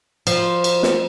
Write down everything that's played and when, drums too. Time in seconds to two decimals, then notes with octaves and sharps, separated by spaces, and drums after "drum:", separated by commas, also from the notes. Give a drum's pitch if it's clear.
0.27 F3, drum: cymbal
0.64 drum: cymbal
0.83 drum: snare